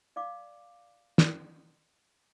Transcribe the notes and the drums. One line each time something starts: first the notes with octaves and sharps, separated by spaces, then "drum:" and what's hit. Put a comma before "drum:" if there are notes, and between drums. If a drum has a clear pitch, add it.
D5 F5 D6
drum: snare